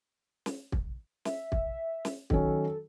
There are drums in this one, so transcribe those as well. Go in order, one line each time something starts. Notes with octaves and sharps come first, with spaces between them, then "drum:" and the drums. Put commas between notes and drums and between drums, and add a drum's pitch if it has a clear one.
drum: snare
drum: kick
E5, drum: snare
drum: kick
drum: snare
D#3 F#3 C#4 A4, drum: kick